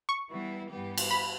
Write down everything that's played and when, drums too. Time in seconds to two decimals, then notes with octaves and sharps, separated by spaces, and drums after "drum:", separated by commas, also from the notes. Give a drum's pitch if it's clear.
0.09 C#6
0.29 E3 G3 B3 E4
0.70 G2 E3 G3 B3 G4
0.98 drum: cymbal
1.11 B5